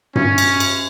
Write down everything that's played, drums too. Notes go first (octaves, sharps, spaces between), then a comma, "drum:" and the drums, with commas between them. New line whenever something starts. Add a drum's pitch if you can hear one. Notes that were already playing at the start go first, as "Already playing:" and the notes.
C#4, drum: tom G2
drum: cymbal
drum: cymbal